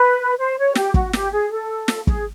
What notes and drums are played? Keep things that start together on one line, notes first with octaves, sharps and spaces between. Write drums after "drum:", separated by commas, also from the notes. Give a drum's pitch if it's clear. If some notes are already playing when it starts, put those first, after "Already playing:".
Already playing: B4
C5
C#5
G4, drum: snare
F#4, drum: kick
G4, drum: snare
G#4
A4
drum: snare
G#4, drum: kick